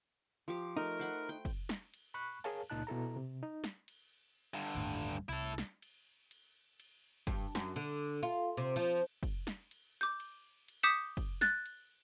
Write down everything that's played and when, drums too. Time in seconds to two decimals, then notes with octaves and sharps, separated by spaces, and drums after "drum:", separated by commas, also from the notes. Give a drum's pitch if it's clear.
0.48 F3 G4 D6
0.77 A3 D#4 A#4
0.99 C5 F#5 B5
1.29 G5
1.45 drum: kick, cymbal
1.69 drum: snare
1.94 drum: cymbal
2.14 B5 C#6 F#6
2.44 G#4 A#4 C#5 F5 A5, drum: cymbal
2.70 C#2 A#2 D#4 A5 F#6
2.87 B2 E4 A4 A#5
3.16 C3
3.43 D#4
3.64 drum: snare
3.88 drum: cymbal
4.54 G2 D3
4.75 G1 D#2 A2
5.29 C2 E4 A4
5.58 drum: snare
5.82 drum: cymbal
6.31 drum: cymbal
6.80 drum: cymbal
7.27 G2, drum: kick, cymbal
7.55 F#2, drum: snare
7.76 D3, drum: cymbal
8.23 F4
8.57 C3
8.76 F3, drum: cymbal
9.23 drum: kick, cymbal
9.47 drum: snare
9.71 drum: cymbal
10.01 D6 G6
10.20 drum: cymbal
10.68 drum: cymbal
10.83 D6 D#6 G6 B6 C#7 E7
11.17 drum: kick, cymbal
11.41 F#6 A6, drum: snare
11.66 drum: cymbal